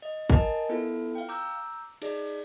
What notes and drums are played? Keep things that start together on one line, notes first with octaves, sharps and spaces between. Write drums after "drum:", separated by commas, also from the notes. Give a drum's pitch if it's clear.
D#5
A#4 D#5 G#5 A5, drum: kick
B3 E4 F4 A4 B4
F5 G5
A#5 D6 E6 G6
D#4 G#4 D5, drum: cymbal